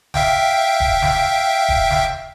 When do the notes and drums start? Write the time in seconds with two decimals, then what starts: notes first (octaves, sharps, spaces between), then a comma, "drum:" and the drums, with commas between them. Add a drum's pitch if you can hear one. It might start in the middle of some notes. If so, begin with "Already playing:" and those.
0.14 E5 F5 G5, drum: snare
0.80 drum: kick D#1
1.02 drum: snare
1.69 drum: kick D#1
1.91 drum: snare